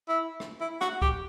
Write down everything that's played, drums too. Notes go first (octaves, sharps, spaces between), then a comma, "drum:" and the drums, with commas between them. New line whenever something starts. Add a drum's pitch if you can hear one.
E4
drum: rim click
E4
F#4, drum: rim click
G4, drum: kick C#2